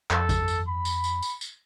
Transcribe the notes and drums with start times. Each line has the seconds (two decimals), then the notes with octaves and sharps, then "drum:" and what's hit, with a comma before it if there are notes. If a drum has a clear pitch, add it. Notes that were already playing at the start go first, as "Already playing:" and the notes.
0.11 F2 A4, drum: clap
0.29 drum: kick A1, tambourine
0.48 drum: tambourine
0.68 B5
0.85 drum: tambourine
1.04 drum: tambourine
1.22 drum: tambourine
1.41 drum: tambourine